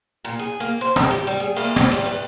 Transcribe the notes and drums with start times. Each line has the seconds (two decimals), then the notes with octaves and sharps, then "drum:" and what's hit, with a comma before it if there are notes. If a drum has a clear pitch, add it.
0.25 A#2
0.39 G#4
0.60 A#3
0.81 C5
0.96 D#3, drum: snare
1.11 G4
1.27 G3
1.40 G#4
1.57 A#3, drum: cymbal
1.76 A#3, drum: snare
1.91 G3
2.06 B4